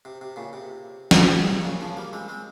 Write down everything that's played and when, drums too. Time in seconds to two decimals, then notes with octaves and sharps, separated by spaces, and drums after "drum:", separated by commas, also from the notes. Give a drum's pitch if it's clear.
0.05 C3
0.21 C3
0.36 A#2 C#3
0.53 C3
1.11 drum: snare
1.32 A#2
1.48 C3
1.61 C3
1.65 A#2 C#3
1.81 C#3 F3
1.97 G3 A#3
2.13 G#3 C4
2.28 G#3 C4